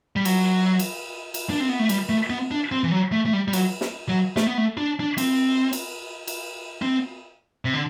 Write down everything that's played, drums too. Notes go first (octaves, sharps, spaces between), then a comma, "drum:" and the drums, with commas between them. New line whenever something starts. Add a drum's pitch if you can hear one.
G3
F#3, drum: cymbal
drum: cymbal
drum: cymbal
D4
C4
B3
A3
G3, drum: cymbal
A3
B3
D4
C4
E3
F#3
A3
A3
G3
G3
F#3, drum: cymbal
drum: snare
F#3
A3, drum: snare
B3
A3
D4
D4
C4, drum: cymbal
drum: cymbal
drum: cymbal
C4
C3
D3